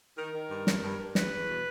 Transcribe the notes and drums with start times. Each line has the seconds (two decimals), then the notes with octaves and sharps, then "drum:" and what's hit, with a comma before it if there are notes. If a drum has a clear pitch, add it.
0.17 D#3 A#4
0.33 D#3
0.50 G2
0.67 G2, drum: snare
0.82 G2
0.99 G2
1.15 E2 B4, drum: snare
1.32 E2
1.48 B2